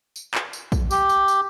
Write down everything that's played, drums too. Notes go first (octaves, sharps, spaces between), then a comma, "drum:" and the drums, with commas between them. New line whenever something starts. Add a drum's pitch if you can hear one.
drum: tambourine
drum: clap
drum: tambourine
drum: kick, tambourine
G4, drum: tambourine
drum: tambourine
drum: tambourine